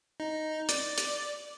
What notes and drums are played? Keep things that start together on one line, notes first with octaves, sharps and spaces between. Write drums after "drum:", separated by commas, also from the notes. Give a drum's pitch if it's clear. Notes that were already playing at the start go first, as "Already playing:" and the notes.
D#4
D5, drum: hi-hat
drum: hi-hat